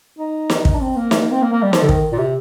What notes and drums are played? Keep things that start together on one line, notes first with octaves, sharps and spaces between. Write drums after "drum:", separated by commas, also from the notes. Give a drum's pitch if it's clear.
D#4
drum: snare
drum: kick
D4
C4
A#3
A3, drum: snare
A#3
C4
A#3
A#3
G3
F3, drum: snare
D3
D#3, drum: kick
A#2
C3